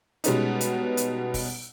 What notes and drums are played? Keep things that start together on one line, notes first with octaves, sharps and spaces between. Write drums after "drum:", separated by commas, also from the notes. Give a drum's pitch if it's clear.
B2 G3 G#3 B3 C#4 D#4, drum: hi-hat
drum: hi-hat
drum: hi-hat
drum: kick, open hi-hat